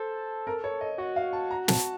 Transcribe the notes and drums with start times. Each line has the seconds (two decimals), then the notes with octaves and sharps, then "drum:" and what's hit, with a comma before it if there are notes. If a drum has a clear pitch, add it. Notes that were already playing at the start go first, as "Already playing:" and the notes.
Already playing: A4 C5
0.47 A#4
0.64 C#5
0.81 D#5
0.98 F#4 D#5
1.16 F5
1.33 A5
1.51 A#5
1.68 A5, drum: snare